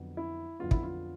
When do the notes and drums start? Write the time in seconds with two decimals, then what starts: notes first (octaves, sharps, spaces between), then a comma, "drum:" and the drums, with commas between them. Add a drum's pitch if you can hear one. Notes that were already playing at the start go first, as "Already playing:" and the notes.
Already playing: F2 D3 F#3 B3
0.17 E4
0.59 F2 D3 F#3 B3 F4
0.71 E4, drum: kick
0.83 F4